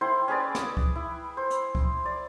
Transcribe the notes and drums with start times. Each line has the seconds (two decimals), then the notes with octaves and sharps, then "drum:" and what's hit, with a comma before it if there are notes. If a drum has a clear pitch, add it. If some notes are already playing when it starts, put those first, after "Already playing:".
0.01 E4 C5 G5 C6
0.28 C#4 G#4 B4 D5
0.55 D6 D#6, drum: snare
0.77 drum: kick C#2
0.95 E4
1.37 C5
1.50 drum: hi-hat
1.75 drum: kick C#2
2.06 D5